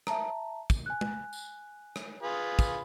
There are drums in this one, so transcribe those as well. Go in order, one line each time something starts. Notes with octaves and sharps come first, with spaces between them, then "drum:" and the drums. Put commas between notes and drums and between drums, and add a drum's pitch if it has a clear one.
E5 A5 A#5, drum: rim click
drum: kick, tambourine
G#5 F#6
drum: tom
drum: tambourine
drum: rim click
F4 G#4 B4
drum: kick, tambourine